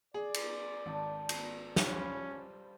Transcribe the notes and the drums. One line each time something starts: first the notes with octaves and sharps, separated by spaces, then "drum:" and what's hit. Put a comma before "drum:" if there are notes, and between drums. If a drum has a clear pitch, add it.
G#4 D5
drum: cymbal
G#1 D4 G5
drum: cymbal
G3 C#4 F4, drum: snare
C5